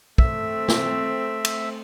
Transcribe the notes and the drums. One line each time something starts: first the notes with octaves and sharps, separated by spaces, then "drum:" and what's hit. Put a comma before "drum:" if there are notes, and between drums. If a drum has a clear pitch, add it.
A3 C4 E5, drum: kick
drum: snare
drum: cymbal